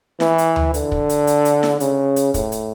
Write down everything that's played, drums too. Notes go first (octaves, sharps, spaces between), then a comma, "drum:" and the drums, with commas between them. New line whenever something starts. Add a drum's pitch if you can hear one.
E3, drum: snare E4
drum: hi-hat
drum: tom D2
D3, drum: hi-hat
drum: kick
drum: hi-hat
drum: hi-hat
drum: hi-hat
drum: snare E4
C#3, drum: hi-hat
drum: hi-hat
A2, drum: kick, hi-hat
drum: hi-hat